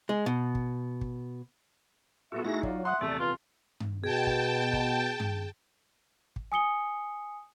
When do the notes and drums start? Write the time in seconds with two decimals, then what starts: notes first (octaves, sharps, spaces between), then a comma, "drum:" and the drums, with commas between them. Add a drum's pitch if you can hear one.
0.09 G#3
0.26 B2
0.55 drum: kick
1.01 drum: kick
2.32 A#2 G3 B3 F#4 A4 E5
2.44 A3 D#4 E4 F#4 G#4 A#6
2.63 F#3 F4 F#4 D5, drum: kick
2.85 E5 F#5 C6 D#6 F#6
3.01 D#1 E2 C3 A3 D5
3.19 F4 B4
3.80 drum: tom G2
4.04 B2 G#4 G5 A5
4.27 drum: kick
4.73 drum: kick
5.20 drum: tom G2
6.36 drum: kick
6.52 G#5 D#6 C#7 G7